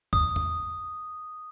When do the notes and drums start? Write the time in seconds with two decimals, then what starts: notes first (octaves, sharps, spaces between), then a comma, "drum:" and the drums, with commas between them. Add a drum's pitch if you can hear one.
0.13 D#6, drum: kick
0.36 drum: tom